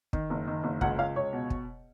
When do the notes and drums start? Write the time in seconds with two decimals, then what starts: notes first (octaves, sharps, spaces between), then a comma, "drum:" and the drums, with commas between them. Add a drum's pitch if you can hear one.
0.13 D#3, drum: kick
0.30 F#1
0.47 D#3
0.64 F#1
0.81 C#2 F#5, drum: kick
0.98 C#2 F5
1.16 C#2 C#5
1.33 B2
1.50 drum: kick